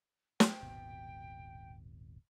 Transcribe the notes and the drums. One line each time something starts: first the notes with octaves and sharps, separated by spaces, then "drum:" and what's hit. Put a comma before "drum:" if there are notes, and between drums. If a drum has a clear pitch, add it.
G5, drum: snare
D#1 G#1 B2